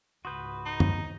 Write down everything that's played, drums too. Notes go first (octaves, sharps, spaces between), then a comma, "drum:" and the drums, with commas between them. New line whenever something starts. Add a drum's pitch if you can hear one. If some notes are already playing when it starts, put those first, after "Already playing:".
C#2 G#2 F#4 B4 C6 D#6 G6
D#4
drum: tom